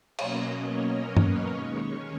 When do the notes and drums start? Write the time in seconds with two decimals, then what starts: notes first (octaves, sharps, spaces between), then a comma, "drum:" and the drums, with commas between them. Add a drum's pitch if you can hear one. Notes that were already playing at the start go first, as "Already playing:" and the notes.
0.18 B2 F#3 A#3 C#4 D#5, drum: cymbal
0.51 C#5
0.84 A#4
1.17 B4, drum: tom G2
1.49 D#2 D#3 G#3 C#4 C#5